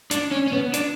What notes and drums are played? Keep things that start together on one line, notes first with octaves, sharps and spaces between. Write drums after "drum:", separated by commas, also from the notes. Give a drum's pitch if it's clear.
D4, drum: hi-hat
C#4
C#4
B3
D4, drum: hi-hat